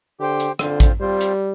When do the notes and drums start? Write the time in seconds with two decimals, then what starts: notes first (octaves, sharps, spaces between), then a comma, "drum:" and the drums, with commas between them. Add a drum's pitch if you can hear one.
0.20 D3 G4 C5 G5
0.40 drum: hi-hat
0.59 D3 C4 F4 C5, drum: rim click
0.80 drum: kick A1, hi-hat
1.00 G3 C4 F4 C5
1.21 drum: hi-hat